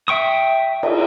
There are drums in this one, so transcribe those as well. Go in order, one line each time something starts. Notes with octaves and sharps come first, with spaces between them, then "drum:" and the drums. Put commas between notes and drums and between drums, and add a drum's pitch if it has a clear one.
E5 G5 C#6 D#6
drum: cymbal